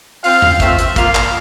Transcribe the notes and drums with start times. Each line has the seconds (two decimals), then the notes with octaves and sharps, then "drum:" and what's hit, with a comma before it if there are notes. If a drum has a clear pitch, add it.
0.24 C4 F4 F5, drum: open hi-hat
0.42 drum: tom E2
0.60 A3 C4 F4 E5, drum: kick, hi-hat
0.79 drum: hi-hat
0.96 A#3 F4 F5, drum: kick, hi-hat
1.15 drum: clap